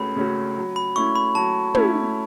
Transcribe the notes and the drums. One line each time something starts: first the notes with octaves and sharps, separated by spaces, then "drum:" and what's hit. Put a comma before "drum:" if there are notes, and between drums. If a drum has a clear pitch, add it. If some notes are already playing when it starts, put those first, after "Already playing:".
Already playing: C#2 C#3 A3 C#4 F#4 B5
C#3 A3 C#4 F#4
F#3
B5
A3 C#4 E4 C#5 C#6
B5
F#3 A5
A3 C#4 E4 C#5, drum: tom